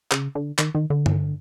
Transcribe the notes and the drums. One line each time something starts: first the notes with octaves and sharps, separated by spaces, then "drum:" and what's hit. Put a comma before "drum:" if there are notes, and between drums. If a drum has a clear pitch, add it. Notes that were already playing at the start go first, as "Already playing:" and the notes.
C#3, drum: clap
D3
D#3, drum: clap
D#3
D3
drum: tom G2